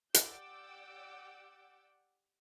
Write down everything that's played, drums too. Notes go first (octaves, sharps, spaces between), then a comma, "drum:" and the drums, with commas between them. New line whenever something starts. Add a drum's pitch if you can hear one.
G4 D5 F#5 D6 E6 G6, drum: hi-hat